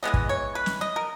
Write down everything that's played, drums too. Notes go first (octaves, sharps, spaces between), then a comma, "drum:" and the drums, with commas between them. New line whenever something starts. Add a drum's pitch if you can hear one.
E3 G#3 B3 D#5
drum: kick
C#5
B4
drum: snare
D#5
A#4